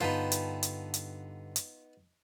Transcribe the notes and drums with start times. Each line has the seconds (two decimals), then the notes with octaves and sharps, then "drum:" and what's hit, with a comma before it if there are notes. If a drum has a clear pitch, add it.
0.01 G2 D3 B3 D#4 F4 G5 A5 B5
0.32 drum: hi-hat
0.63 drum: hi-hat
0.94 drum: hi-hat
1.56 drum: hi-hat